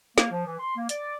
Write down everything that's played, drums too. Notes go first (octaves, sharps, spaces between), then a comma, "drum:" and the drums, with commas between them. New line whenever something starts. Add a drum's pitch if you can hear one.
A#3, drum: snare
F3
E3
C6
A#3
D5, drum: hi-hat